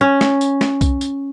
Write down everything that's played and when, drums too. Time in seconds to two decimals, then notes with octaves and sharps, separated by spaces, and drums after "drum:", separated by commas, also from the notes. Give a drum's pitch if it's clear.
0.01 C#4
0.21 drum: snare
0.41 drum: tambourine
0.61 drum: snare
0.81 drum: kick B1, tambourine
1.01 drum: tambourine